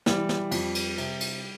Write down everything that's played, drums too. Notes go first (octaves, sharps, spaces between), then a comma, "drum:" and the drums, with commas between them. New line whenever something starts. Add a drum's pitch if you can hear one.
E3 G3, drum: snare
drum: snare
F2, drum: cymbal
drum: cymbal
C3, drum: cymbal
drum: cymbal